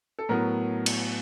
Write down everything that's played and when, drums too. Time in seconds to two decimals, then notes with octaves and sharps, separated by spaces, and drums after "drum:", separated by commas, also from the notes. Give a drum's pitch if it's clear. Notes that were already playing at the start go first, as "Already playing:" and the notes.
0.19 A4
0.29 A2 F#3 B3 A#4
0.86 drum: cymbal